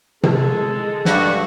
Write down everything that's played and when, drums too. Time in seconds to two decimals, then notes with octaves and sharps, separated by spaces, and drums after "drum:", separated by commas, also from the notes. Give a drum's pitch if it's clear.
0.23 G#3 A4, drum: tom C3
1.05 G2 F#4, drum: snare